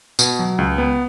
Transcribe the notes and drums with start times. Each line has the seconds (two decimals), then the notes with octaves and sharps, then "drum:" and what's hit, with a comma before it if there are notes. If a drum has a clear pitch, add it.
0.19 B2, drum: tambourine
0.39 F#3
0.58 C#2
0.78 B3